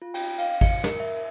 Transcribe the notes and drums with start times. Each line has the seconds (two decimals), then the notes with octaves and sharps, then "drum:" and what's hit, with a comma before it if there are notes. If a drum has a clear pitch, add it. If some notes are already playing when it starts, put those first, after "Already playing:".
0.02 F4
0.14 G5, drum: cymbal
0.38 F5, drum: cymbal
0.61 C#7, drum: kick G#1, cymbal
0.84 A#4, drum: snare
1.00 E5